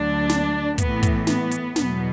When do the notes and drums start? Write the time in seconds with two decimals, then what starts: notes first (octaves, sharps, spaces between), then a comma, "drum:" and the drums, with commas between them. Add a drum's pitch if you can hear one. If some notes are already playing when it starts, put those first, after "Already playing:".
Already playing: D2 D3 F#3 D4
0.29 drum: snare
0.78 A2 E3 B3, drum: kick, hi-hat
1.03 drum: kick, hi-hat
1.27 B3, drum: snare
1.51 drum: hi-hat
1.76 E2 B2 F#3 B3, drum: snare